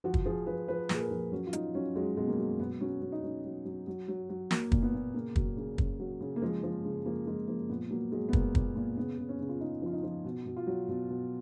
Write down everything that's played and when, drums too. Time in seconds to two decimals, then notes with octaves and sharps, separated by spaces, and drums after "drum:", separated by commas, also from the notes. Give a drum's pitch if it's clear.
0.04 F3 F#4
0.14 drum: kick
0.26 F3 G#4
0.47 F3 B4
0.68 F3 B4
0.89 A#2, drum: snare
0.94 G#4
1.00 A#4
1.11 F3
1.32 F#3 C#4
1.47 F4
1.53 F#3 D#4, drum: hi-hat
1.74 F#3 C#4
1.96 F#3 G#3
2.17 B2 G#3
2.28 A#3
2.38 F#3
2.60 B2 B3
2.81 F#3 C#4
3.02 F#3 C#4
3.12 D#4
3.22 F#3 C#4
3.44 F#3
3.65 F#3
3.87 F#3
4.08 F#3
4.29 F#3
4.51 F#3 A#3, drum: snare
4.72 A#2, drum: kick
4.83 B3
4.93 A#2
5.14 C#3 A#3
5.36 F#3, drum: kick
5.57 C#3
5.78 C#3, drum: kick
6.00 F#3
6.21 C#3
6.36 A#3
6.42 F3 G#3
6.63 F3
6.85 C#3
7.06 F3 A#3
7.27 F3 G#3
7.48 F3 A#3
7.70 A#2 B3
7.91 F#3 A#3
8.12 F#3 G#3
8.29 B3
8.33 A#2 A#3, drum: kick
8.55 A#2, drum: kick
8.76 A#2
8.97 C#3 B3
9.18 C#3
9.29 C#4
9.40 C#3
9.49 F4
9.61 C#3 D#4
9.82 F3 F4
9.93 D#4
10.03 F3
10.25 B2
10.46 B2
10.57 F4
10.67 F#3
10.88 B2
11.09 B2